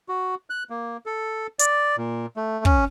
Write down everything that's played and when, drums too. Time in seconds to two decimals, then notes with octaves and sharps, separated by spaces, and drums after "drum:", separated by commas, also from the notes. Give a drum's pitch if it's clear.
0.09 F#4
0.50 F#6
0.70 A#3
1.06 A4
1.59 D5, drum: hi-hat
1.98 A#2
2.37 A3
2.65 C#4, drum: kick